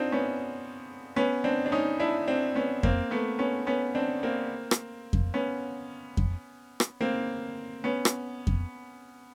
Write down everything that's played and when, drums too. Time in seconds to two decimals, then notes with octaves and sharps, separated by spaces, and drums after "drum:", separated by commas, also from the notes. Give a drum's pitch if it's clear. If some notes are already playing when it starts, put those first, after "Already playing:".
Already playing: C4 D4 D#4 F4
0.12 B3 C#4
1.16 B3 C#4
1.44 C4 D4
1.66 D4
1.72 C#4 D#4
2.00 D4 E4
2.28 C4 D4
2.55 B3 C#4
2.83 A#3 C4, drum: kick F2
3.11 A3 B3
3.39 B3 C#4
3.67 B3 C#4
3.95 C4 D4
4.23 A#3 C4
4.71 drum: rim click
5.13 drum: kick F2
5.34 B3 C#4
6.17 drum: kick F2
6.80 drum: rim click
7.01 A#3 C4
7.84 B3 C#4
8.05 drum: rim click
8.47 drum: kick F2